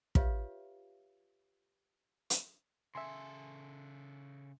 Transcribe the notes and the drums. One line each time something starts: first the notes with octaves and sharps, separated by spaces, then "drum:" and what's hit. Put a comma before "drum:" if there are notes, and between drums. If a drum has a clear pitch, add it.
F4 G4 B4 C#5 E5 F5, drum: kick
drum: hi-hat
C#3 A4 E5 G#5 C6